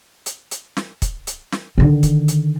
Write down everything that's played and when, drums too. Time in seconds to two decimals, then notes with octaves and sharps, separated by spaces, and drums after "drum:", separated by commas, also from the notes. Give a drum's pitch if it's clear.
0.26 drum: hi-hat
0.51 drum: hi-hat
0.77 drum: snare
1.02 drum: kick, hi-hat
1.27 drum: hi-hat
1.52 drum: snare
1.78 D3 D#3
2.03 drum: kick, hi-hat
2.28 drum: hi-hat